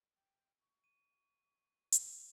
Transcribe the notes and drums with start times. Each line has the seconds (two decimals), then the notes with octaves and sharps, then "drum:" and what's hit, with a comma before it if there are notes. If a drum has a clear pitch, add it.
0.15 G5
0.60 C#6
0.84 D#7
1.93 drum: hi-hat